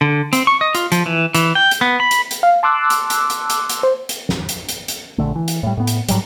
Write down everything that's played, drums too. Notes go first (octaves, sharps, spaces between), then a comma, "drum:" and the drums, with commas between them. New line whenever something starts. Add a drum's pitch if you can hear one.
D3
C4, drum: hi-hat
C#6
D#5
F4, drum: hi-hat
F3, drum: hi-hat
E3
E3, drum: hi-hat
G5
drum: hi-hat
B3
B5
drum: hi-hat
drum: hi-hat
F5
A5 C6 D6 E6 F#6
drum: hi-hat
drum: hi-hat
drum: hi-hat
drum: hi-hat
drum: hi-hat
C5
drum: hi-hat
drum: snare
drum: hi-hat
drum: hi-hat
drum: hi-hat
A#1 F2 D3 A3
E3
drum: hi-hat
A2 G3
A2 B3
drum: hi-hat
G#2 F#3 G3, drum: hi-hat